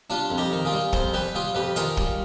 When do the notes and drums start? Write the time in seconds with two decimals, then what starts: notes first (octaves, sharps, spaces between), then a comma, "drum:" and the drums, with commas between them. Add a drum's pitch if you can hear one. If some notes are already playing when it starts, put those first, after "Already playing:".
0.10 G3 D4 F4
0.30 F2
0.38 D#4 G4
0.52 D#3
0.65 F4 G#4
0.72 G3
0.93 F2 G#4 C5, drum: kick
1.13 G3 G4 B4
1.35 G3 F4 G#4
1.55 F2 G4 B4
1.76 D#3 F4 G#4, drum: hi-hat
1.97 G3, drum: kick